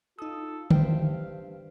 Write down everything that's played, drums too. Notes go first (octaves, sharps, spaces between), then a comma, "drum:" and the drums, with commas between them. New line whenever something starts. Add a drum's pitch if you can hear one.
D#4 F4 A4 D#6
G2 C5 E5 F5 G5, drum: tom D3